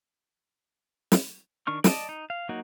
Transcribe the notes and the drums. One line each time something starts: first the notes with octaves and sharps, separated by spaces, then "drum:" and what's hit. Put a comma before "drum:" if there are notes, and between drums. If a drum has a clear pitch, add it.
drum: snare
D#3 D4 C#6 F6
D5 D#5 A5, drum: snare
D#4
F5
F#3 A#3 D#4 F#4